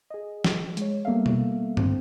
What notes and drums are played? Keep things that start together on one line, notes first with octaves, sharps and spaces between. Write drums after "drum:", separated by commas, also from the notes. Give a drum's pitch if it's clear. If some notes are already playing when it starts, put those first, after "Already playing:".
G#4 D#5
drum: snare
G#3 C#5, drum: hi-hat
G3 A#3 B3 A4 E5 F5
drum: tom B2
D3 C4, drum: tom G2